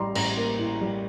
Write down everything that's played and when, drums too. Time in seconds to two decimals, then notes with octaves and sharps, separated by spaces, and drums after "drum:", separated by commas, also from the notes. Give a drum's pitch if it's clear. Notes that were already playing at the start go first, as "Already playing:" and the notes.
Already playing: A1 A2 G3 A#5 C6 D6
0.15 A1 A#5, drum: cymbal
0.37 A#3
0.59 A2
0.81 G3